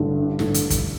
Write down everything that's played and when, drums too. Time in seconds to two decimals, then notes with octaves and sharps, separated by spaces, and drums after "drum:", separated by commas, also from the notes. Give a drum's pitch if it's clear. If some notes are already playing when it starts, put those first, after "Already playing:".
Already playing: A1 G2 D3
0.39 A1 G2 D3, drum: snare
0.54 drum: hi-hat
0.70 drum: kick, hi-hat